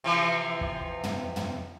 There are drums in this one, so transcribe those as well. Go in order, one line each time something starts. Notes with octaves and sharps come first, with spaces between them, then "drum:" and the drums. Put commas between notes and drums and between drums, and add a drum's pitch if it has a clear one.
C3 E3 F3
drum: kick
drum: tom
drum: tom